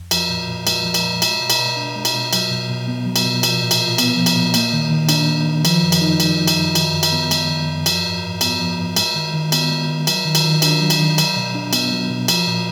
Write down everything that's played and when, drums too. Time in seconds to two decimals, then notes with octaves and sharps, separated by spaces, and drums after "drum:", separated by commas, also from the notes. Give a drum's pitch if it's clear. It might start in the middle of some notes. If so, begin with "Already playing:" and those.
Already playing: F2
0.11 F3, drum: cymbal
0.30 A#2
0.48 A#2
0.67 G#3, drum: cymbal
0.84 F3
0.94 drum: cymbal
1.04 A#2
1.22 G#3, drum: cymbal
1.41 B2
1.50 drum: cymbal
1.59 B2
1.77 D4
1.96 G#3
2.05 drum: cymbal
2.14 B2
2.33 F#3, drum: cymbal
2.51 B2
2.69 B2
2.88 B3
3.06 F#3
3.16 drum: cymbal
3.25 B2
3.43 F3, drum: cymbal
3.62 A#2
3.71 drum: cymbal
3.80 F4
3.98 B3, drum: cymbal
4.17 F3
4.26 drum: cymbal
4.36 A#2
4.54 A#3, drum: cymbal
4.73 D#3
4.91 D#3
5.09 D4, drum: cymbal
5.28 A#3
5.46 D#3
5.65 F3, drum: cymbal
5.83 F#2
5.92 drum: cymbal
6.01 D#4
6.20 G#3, drum: cymbal
6.38 F3
6.48 drum: cymbal
6.57 F#2
6.75 D#3, drum: cymbal
6.94 F#2
7.03 drum: cymbal
7.12 B3
7.31 G#3, drum: cymbal
7.49 D#3
7.68 F#2
7.86 F3, drum: cymbal
8.04 G#2
8.23 G#2
8.41 B3, drum: cymbal
8.60 F3
8.78 G#2
8.96 G#3, drum: cymbal
9.15 D#3
9.33 D#3
9.52 B3, drum: cymbal
9.71 G#3
9.89 D#3
10.07 F#3, drum: cymbal
10.25 D#3
10.35 drum: cymbal
10.44 D#3
10.62 D4, drum: cymbal
10.81 F#3
10.90 drum: cymbal
11.00 D#3
11.18 F#3, drum: cymbal
11.36 B2
11.55 D4
11.73 B3, drum: cymbal
11.92 F#3
12.10 B2
12.28 F3, drum: cymbal
12.47 A#2